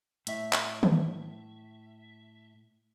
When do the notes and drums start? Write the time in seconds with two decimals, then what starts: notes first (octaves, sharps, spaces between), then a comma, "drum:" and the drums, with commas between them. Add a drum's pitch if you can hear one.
0.27 A2 E5, drum: hi-hat
0.53 drum: clap
0.83 drum: tom D#3